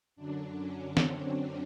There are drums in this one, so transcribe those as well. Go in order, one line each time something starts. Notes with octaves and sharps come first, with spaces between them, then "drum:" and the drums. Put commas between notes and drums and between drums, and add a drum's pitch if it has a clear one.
F#2 D3 F#3 D4
C#4
C4, drum: snare